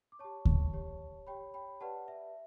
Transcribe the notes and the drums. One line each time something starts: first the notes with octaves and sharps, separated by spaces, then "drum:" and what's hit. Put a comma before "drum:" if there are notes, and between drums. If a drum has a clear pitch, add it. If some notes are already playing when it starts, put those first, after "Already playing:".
D6
G4 C#5 A5 C#6
drum: kick D2
G4 C#5
G4 C#5 G5 B5
G5 B5
G4 B4 D5 F#5 A5
E5